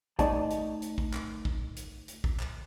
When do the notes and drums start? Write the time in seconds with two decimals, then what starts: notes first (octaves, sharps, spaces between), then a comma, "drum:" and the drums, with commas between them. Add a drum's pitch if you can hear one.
0.19 A3 D#4 D5 D#5 G#5 A5, drum: kick, hi-hat
0.51 drum: hi-hat
0.82 drum: hi-hat
0.98 drum: kick
1.14 drum: clap
1.45 drum: kick
1.77 drum: hi-hat
2.08 drum: hi-hat
2.24 drum: kick
2.40 drum: clap